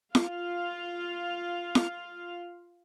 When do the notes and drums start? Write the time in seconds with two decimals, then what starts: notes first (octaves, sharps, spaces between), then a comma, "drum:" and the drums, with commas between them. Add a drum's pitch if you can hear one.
0.15 F4 F5, drum: snare
1.75 drum: snare